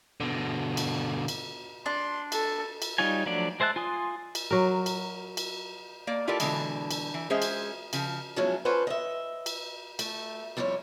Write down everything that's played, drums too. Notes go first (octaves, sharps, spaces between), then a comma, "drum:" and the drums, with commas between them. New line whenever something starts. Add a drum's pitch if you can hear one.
B2 D3
drum: cymbal
drum: cymbal
D4 C6
A4, drum: cymbal
drum: cymbal
G3 D#4 F4 C#5 G#5
F3 F#3 A3 D4 D5
G#3 C5 E5 A5 F#6
F4 G#5 C6 D#6
drum: cymbal
F#3 A#4
drum: cymbal
drum: cymbal
A#3 D5
E4 F4 G4 A4 A#4 D5
B2 D3 E3 F#3 G#3, drum: cymbal
drum: cymbal
E3
G#3 C#4 G#4 C5 E5
drum: cymbal
C#3 F3, drum: cymbal
F3 F#3 G#3 B3 C#4 E4
C#4 F4 A4 B4 C5 F#5
D#5 E5
drum: cymbal
A3, drum: cymbal
F2 G3 E4 G4 C#5